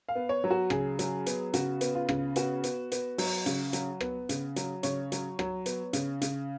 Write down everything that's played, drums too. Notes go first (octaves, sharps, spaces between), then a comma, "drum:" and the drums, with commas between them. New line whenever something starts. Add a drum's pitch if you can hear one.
F5
B3
C#5
F#3
F#4
C#3 G#4, drum: rim click
F#3, drum: hi-hat
B3, drum: hi-hat
C#3 F#4, drum: hi-hat
B3, drum: hi-hat
F4
C#3, drum: rim click
B3 F#4, drum: hi-hat
B3, drum: hi-hat
B3, drum: hi-hat
F#3, drum: open hi-hat
C#3, drum: hi-hat
F#3, drum: hi-hat
B3, drum: rim click
C#3, drum: hi-hat
F#3, drum: hi-hat
C#3 C#5, drum: hi-hat
F#3, drum: hi-hat
F#3, drum: rim click
B3, drum: hi-hat
C#3, drum: hi-hat
C#3, drum: hi-hat